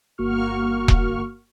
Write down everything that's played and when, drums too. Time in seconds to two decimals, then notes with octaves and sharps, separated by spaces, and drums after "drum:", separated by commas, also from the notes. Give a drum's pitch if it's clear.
0.18 G1 A#3 F#4 C#6 F6
0.88 drum: kick E1